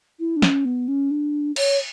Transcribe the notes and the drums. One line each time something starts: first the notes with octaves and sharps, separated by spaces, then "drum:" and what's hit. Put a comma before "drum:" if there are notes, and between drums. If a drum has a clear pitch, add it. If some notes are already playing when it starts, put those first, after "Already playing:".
E4
D4
C#4, drum: snare
B3
C#4
D4
C#5, drum: cymbal